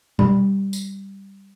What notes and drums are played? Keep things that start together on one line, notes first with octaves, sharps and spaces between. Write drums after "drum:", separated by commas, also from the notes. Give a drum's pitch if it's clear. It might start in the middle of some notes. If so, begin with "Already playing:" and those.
G3, drum: tom B2
drum: tambourine